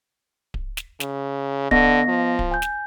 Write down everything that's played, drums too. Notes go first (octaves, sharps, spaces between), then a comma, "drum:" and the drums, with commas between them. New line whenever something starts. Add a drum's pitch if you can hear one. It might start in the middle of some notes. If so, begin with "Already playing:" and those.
drum: kick D1
drum: snare
C#3, drum: snare
D3 B3 D#5 A#6, drum: kick D1
F3
drum: kick D1
G#5 G6
drum: snare